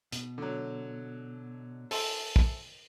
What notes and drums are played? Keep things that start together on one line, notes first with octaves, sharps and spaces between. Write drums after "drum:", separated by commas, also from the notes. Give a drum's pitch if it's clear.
B2, drum: hi-hat
D3 F#3
A4 C5 E5 G#5 C6, drum: open hi-hat
drum: kick